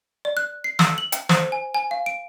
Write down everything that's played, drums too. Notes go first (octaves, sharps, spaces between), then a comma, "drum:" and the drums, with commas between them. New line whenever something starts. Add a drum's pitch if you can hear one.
D5
F#6
C7
E6, drum: snare
F#7
G5, drum: hi-hat
C5, drum: snare
G#5
G#5
F5
D7